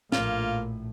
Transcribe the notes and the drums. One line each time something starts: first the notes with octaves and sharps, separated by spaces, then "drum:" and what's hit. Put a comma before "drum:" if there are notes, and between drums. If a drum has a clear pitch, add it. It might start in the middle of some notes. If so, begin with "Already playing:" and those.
A#1 A2 A#3 F4, drum: snare